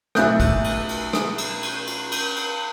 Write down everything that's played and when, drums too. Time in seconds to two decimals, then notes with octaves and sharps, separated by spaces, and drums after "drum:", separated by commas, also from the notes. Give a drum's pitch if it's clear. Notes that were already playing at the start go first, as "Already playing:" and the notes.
0.15 B1 A3 F#6 G6, drum: rim click
0.40 drum: kick, cymbal
0.64 drum: cymbal
0.89 drum: cymbal
1.13 drum: rim click
1.38 drum: cymbal
1.63 drum: cymbal
1.87 drum: cymbal
2.12 drum: cymbal
2.36 drum: cymbal